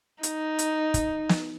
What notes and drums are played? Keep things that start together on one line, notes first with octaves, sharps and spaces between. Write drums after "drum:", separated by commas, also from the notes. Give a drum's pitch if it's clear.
D#4, drum: hi-hat
drum: hi-hat
drum: kick, hi-hat
drum: snare